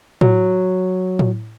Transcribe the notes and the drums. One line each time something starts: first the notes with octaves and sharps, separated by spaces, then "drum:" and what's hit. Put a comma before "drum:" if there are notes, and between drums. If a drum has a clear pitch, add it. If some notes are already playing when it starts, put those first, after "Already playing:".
F#3, drum: tom A2
drum: tom A2